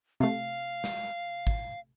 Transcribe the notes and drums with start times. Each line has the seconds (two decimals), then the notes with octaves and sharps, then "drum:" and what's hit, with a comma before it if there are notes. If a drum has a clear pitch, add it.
0.20 C3 A3 F5
0.84 drum: snare
1.47 drum: kick